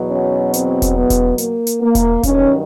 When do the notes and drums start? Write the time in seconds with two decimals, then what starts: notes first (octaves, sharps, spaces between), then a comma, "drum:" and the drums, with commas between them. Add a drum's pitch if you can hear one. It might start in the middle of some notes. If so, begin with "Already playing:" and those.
Already playing: E2 B2 F#3
0.11 C#4
0.54 C4, drum: hi-hat
0.82 drum: kick E1, hi-hat
0.96 B3
1.10 drum: kick E1, hi-hat
1.38 A#3, drum: hi-hat
1.67 drum: hi-hat
1.81 A#3
1.95 drum: kick E1, hi-hat
2.23 G2 D#3 F#3 C#4, drum: kick E1, hi-hat